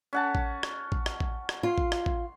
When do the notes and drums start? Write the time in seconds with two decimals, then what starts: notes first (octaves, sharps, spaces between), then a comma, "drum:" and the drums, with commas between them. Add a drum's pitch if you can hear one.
0.13 C#4 F#5 A5
0.35 drum: kick A1
0.63 drum: rim click
0.92 drum: kick A1
1.06 drum: rim click
1.20 drum: kick A1
1.49 drum: rim click
1.63 F4 C6
1.78 drum: kick A1
1.92 drum: rim click
2.06 drum: kick A1